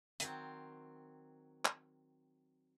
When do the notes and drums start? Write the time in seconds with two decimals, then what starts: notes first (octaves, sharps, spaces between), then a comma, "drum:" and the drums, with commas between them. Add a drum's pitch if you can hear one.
0.20 D#3 F#3 C4, drum: hi-hat
1.65 drum: clap